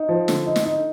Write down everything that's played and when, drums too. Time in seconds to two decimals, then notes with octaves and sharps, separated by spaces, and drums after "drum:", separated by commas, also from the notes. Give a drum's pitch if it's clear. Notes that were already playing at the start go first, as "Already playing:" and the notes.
Already playing: D#4
0.09 F3
0.28 D3, drum: snare
0.46 D#4
0.56 drum: snare
0.65 D#4